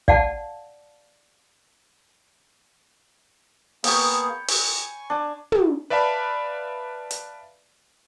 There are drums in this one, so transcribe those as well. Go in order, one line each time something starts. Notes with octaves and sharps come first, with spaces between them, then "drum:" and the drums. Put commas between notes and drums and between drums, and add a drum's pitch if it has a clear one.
D5 F5 F#5 A5, drum: kick
A#3 B3 G#4 C#5 G5 B5, drum: open hi-hat
G#5 C#6, drum: open hi-hat
D4 G#5
drum: tom
B4 D5 E5 F5 A5 B5
drum: hi-hat